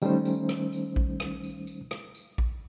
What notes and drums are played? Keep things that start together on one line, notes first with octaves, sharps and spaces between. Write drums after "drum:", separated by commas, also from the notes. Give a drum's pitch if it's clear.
D#3 G3 A3 C#4 D#4 C5, drum: tambourine
drum: tambourine
drum: rim click
drum: tambourine
drum: kick
drum: rim click
drum: tambourine
drum: tambourine
drum: rim click
drum: tambourine
drum: kick